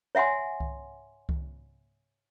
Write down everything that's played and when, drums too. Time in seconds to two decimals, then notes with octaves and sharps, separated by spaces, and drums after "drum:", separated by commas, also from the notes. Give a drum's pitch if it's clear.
0.15 C#5 E5 F#5 G#5 C6
0.60 drum: kick C2
1.29 drum: kick C2